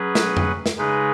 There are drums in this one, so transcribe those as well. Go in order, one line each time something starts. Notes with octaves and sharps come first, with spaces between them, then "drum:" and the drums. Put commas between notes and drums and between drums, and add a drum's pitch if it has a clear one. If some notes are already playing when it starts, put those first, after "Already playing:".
Already playing: F#3 C#4 G#4 B4
drum: snare
drum: tom F2
drum: snare
C#3 G#3 D#4 G#4 B4